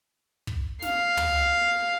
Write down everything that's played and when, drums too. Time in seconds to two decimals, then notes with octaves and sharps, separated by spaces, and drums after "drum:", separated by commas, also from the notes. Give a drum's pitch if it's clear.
0.47 drum: kick
0.82 F5, drum: snare
1.17 drum: tom